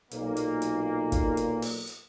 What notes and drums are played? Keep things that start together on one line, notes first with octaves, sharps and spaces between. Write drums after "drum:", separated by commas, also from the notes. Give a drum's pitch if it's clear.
B1 A#2 A#3, drum: hi-hat
drum: hi-hat
drum: hi-hat
drum: kick, hi-hat
drum: hi-hat
drum: open hi-hat
drum: hi-hat